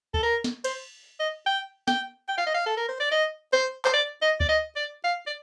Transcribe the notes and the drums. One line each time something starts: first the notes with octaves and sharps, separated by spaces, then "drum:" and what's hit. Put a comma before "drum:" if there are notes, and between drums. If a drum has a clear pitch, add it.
A4, drum: kick D2
A#4
drum: snare
C5, drum: cymbal
D#5
G5
G5, drum: snare
G5
F5
D#5
F5
A4
A#4
C5
D5
D#5
C5
C5, drum: clap
D5
D#5
D5, drum: kick D2
D#5
D5
F5
D5